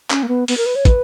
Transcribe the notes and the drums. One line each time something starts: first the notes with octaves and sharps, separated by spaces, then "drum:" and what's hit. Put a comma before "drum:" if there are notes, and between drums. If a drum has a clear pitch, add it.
C#4, drum: clap
A#3
B3
B3, drum: open hi-hat
A#4
B4
C#5
B4, drum: kick, hi-hat